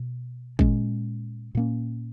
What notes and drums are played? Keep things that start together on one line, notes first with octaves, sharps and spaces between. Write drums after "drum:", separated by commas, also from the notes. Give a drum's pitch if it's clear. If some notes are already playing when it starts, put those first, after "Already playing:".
Already playing: B2
A#2 G#3 C#4, drum: kick
A#2 A#3 C#4